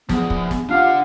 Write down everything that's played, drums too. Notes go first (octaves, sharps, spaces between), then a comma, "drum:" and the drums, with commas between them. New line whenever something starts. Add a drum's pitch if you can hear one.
F3 B3 G#4, drum: snare
drum: kick
drum: snare
D4 F4 G4 F5 F#5